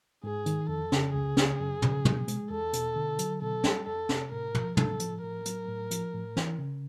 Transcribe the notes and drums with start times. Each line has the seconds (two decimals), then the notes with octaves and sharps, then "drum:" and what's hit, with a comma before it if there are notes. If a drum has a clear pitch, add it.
0.24 G#2 G#4
0.46 D#3, drum: hi-hat
0.69 F2 A4
0.92 C#3, drum: snare
1.14 C#2 G#4
1.37 C#3, drum: snare
1.60 F#2
1.82 C#3, drum: tom
2.05 B2, drum: tom
2.28 G#3, drum: hi-hat
2.50 E2 A4
2.73 B2, drum: hi-hat
2.96 D3
3.19 F#3, drum: hi-hat
3.41 B2 A4
3.64 G3, drum: snare
3.87 F2 A4
4.09 C3, drum: snare
4.32 A2 A#4
4.55 F3, drum: tom
4.77 A2 A4, drum: tom
5.00 F3, drum: hi-hat
5.23 A2 A#4
5.45 F#3, drum: hi-hat
5.68 A2
5.91 F3, drum: hi-hat
6.13 A2
6.37 E3, drum: snare
6.58 C#3